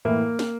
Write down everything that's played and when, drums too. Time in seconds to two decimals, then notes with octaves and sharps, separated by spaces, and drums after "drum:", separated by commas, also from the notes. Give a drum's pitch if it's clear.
0.05 A2 E3 A#3
0.39 drum: snare